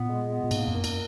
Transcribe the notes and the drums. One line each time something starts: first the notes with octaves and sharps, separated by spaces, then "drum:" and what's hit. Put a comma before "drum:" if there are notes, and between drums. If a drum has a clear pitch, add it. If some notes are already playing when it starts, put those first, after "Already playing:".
Already playing: A#2 B3
G#3
B3
A#2
G#2 A#3, drum: cymbal
F#2
A#4
drum: cymbal